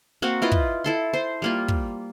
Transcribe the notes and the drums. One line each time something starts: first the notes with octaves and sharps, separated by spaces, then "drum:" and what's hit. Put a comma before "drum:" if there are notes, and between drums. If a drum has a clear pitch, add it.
A#3 C4 F#4
E4 F4 B4 D#5
drum: kick
E4 A4 C6
C5
G3 A#3 F4
drum: kick